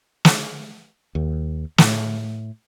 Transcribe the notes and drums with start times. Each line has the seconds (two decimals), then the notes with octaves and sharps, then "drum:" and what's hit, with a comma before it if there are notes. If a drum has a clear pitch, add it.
0.25 drum: snare
1.15 D#2
1.78 A2, drum: snare